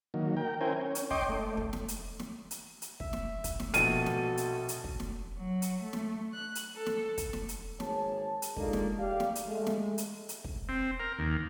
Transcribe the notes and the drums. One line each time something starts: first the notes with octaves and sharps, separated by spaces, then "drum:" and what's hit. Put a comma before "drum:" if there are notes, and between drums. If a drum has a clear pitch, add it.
D#3 F#3 A#3
A#4 G5
C#4 E4 A#4 C5 G5 G#5
C#4
drum: hi-hat
C#5 D#5 G5 C6 D6, drum: kick
A3
drum: kick
drum: snare
drum: hi-hat
drum: snare
drum: hi-hat
drum: hi-hat
E5, drum: kick
drum: snare
drum: kick, hi-hat
drum: snare
A#1 B2 F#4 A4 D#7, drum: hi-hat
drum: snare
drum: hi-hat
drum: hi-hat
drum: kick
drum: snare
F#3
drum: hi-hat
A3
drum: snare
F#6
drum: hi-hat
A4
drum: snare
drum: kick, hi-hat
drum: snare
drum: hi-hat
G#1 A#3 G#4 C#5 A5, drum: snare
drum: hi-hat
G#3 A#3 D4 D#4 F4 A4, drum: kick
drum: snare
G4 D5 F5
drum: snare
drum: hi-hat
G#3 A3
drum: snare
drum: hi-hat
drum: hi-hat
drum: kick
C4
A#4
D#2